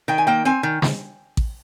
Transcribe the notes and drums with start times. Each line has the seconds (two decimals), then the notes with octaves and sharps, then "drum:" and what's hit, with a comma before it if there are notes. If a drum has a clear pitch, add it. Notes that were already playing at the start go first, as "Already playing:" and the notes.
0.08 D#3 G5
0.18 G#5
0.27 A#3 G5
0.45 C4 G#5
0.63 D#3
0.82 drum: snare
1.37 drum: kick A1